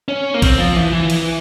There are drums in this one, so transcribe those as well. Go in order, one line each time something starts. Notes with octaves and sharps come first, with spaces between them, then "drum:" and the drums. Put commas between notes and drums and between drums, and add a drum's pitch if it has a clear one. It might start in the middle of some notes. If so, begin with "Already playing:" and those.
C#4
A#3
C4, drum: kick, cymbal
F3
E3
E3
drum: cymbal